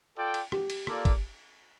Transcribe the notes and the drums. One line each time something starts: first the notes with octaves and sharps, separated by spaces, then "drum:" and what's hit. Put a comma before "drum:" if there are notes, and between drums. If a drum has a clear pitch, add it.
F4 A4 D5 G5
drum: cymbal
G4, drum: rim click
drum: cymbal
A#3 F4 A4 D5, drum: rim click
drum: kick, cymbal